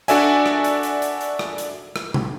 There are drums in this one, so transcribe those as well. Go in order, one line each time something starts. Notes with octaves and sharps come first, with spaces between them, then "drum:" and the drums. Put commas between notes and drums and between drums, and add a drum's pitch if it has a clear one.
D4 F#4 A4 D5 E5 G#5, drum: hi-hat
drum: rim click
drum: hi-hat
drum: hi-hat
drum: hi-hat
drum: hi-hat
drum: rim click
drum: hi-hat
drum: rim click
drum: tom B2